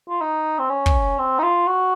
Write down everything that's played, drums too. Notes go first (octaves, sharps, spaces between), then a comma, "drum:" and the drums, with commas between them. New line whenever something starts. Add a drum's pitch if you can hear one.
F4
D#4
C4
C#4
drum: kick
C4
D#4
F4
F#4